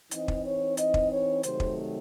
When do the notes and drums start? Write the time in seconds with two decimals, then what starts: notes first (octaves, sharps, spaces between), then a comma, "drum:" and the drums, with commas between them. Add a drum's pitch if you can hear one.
0.11 E3 C4 D#4 D#5, drum: hi-hat
0.28 drum: kick
0.45 C#5
0.77 D#5, drum: hi-hat
0.94 drum: kick
1.10 C#5
1.43 C3 D#3 F#3 A3 C5, drum: hi-hat
1.60 drum: kick